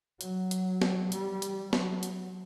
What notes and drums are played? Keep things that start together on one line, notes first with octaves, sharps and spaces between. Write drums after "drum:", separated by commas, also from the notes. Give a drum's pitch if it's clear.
F#3, drum: hi-hat
drum: hi-hat
drum: snare
G3, drum: hi-hat
drum: hi-hat
F#3, drum: snare
drum: hi-hat